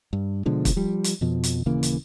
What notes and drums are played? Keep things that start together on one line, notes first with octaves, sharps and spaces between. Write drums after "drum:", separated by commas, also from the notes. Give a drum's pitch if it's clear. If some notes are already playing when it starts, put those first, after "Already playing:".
G2
B2 D3 F3 G#3
drum: kick, hi-hat
F3 G3
drum: hi-hat
F2 B2 F3
drum: hi-hat
D#1 C#3 E3 A#3
drum: hi-hat